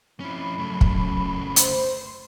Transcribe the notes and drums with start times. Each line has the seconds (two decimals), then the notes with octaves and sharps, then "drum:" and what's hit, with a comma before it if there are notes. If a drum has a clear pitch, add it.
0.20 F2 C#4 E4 B5
0.58 F#2 C#3 A3
0.81 drum: kick
1.56 C5, drum: hi-hat